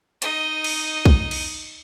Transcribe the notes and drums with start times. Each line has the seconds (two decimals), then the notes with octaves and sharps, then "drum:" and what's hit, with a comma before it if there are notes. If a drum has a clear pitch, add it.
0.22 D#4 D#5, drum: hi-hat
0.64 drum: cymbal
1.05 drum: kick
1.31 drum: cymbal